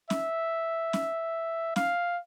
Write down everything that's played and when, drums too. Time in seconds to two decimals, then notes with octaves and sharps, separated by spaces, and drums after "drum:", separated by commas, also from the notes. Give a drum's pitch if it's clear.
0.10 E5, drum: snare C#4
0.93 drum: snare C#4
1.76 F5, drum: snare C#4